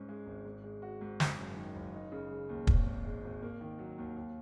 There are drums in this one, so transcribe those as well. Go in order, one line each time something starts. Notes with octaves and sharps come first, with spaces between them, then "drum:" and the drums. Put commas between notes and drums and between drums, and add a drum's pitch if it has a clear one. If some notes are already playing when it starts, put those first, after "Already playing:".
Already playing: G#2 C#4
G#3
G#1
G#2
G#3
F#4
G#2
F#1, drum: snare
F#2
D#3
F#1
D#4
C#3
G#3
D#2
G#1, drum: kick
G#2
G#3
G#1
A#3
D#3
F#3
D#2
D#2